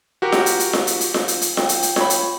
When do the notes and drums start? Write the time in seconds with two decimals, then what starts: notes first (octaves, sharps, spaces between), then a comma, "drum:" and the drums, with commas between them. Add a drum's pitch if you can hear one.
0.22 F#4 G4 A#4
0.32 drum: snare F4
0.46 drum: hi-hat
0.60 drum: hi-hat
0.73 drum: snare F4
0.87 drum: hi-hat
1.01 drum: hi-hat
1.14 drum: snare F4
1.28 drum: hi-hat
1.42 drum: hi-hat
1.57 G5, drum: snare F4
1.69 drum: hi-hat
1.83 drum: hi-hat
1.96 C#5 B5, drum: snare F4
2.10 drum: hi-hat